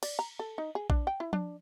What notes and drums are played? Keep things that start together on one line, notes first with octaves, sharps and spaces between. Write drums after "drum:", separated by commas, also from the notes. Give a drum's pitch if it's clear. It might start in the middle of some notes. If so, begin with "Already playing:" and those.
D5, drum: cymbal
A#5
A4
D#4
G#4
D4, drum: kick A#1
G5
E4
D4, drum: tom F3